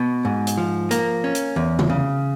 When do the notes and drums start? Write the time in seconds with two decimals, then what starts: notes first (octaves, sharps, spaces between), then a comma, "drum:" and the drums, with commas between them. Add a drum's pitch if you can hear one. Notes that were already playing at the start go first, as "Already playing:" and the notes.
Already playing: B2
0.25 G#2
0.47 drum: hi-hat
0.58 F3
0.91 A#3, drum: hi-hat
1.24 C#4
1.35 drum: hi-hat
1.56 E2
1.79 drum: tom C3
1.90 C#3